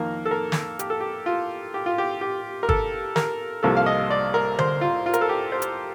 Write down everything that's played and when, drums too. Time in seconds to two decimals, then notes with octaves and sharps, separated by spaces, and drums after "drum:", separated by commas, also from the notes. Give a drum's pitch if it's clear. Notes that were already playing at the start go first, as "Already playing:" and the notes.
Already playing: F2 D#3 A#3 A#4
0.26 A4
0.31 A#4
0.52 drum: snare
0.79 G4, drum: hi-hat
0.90 A4
1.00 G4
1.26 F4
1.74 G4
1.86 F4
1.98 G4
2.21 G4
2.63 A#4
2.69 A4, drum: kick
3.16 A#4, drum: snare
3.63 C2 C3 F3 A#3 A4
3.77 F5
3.86 D#5
4.10 D5
4.34 A#4
4.59 C5, drum: tom D3
4.81 F4
5.06 F4
5.14 A#4, drum: hi-hat
5.21 A4
5.29 G4
5.52 C5
5.62 drum: hi-hat